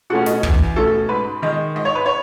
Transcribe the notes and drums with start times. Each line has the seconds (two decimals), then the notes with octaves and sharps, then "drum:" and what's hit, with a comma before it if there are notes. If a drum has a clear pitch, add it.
0.10 B2 A3 C#4 F#5
0.26 D#5, drum: snare
0.43 E2, drum: kick
0.76 B2 A3 C#4 A4
1.09 G#2 B4
1.42 D#3 G#3 D#5
1.75 G#2 D#5
1.85 C#5
1.95 B4
2.06 C#5